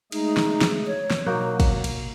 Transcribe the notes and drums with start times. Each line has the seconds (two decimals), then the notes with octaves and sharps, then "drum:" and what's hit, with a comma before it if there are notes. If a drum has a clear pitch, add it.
0.12 G#3 A3 D#4 G#4, drum: cymbal
0.37 drum: snare
0.61 drum: snare
0.87 C#5
1.11 drum: snare
1.26 B2 F#3 A#3 D#4 F#4
1.60 drum: kick, cymbal
1.84 drum: cymbal